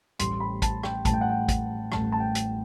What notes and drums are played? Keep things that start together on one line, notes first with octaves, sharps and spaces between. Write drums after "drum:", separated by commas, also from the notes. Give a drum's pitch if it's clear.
A1 A2 G3 C6, drum: hi-hat
B5
A5, drum: kick, hi-hat
G5, drum: rim click
A1 A2 G3 A5, drum: kick, hi-hat
G5
F#5
G5
drum: kick, hi-hat
A1 A2 G3 A5, drum: rim click
A5
G5
drum: hi-hat